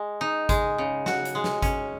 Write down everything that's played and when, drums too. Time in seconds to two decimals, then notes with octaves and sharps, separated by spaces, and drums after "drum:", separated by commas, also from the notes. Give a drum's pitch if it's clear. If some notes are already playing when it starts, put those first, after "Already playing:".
Already playing: G#3
0.21 D#4
0.49 G#3, drum: kick G#1, hi-hat
0.78 C#3
1.06 F#4, drum: snare
1.25 drum: hi-hat
1.35 G#3
1.44 drum: snare
1.62 C#4, drum: kick G#1, hi-hat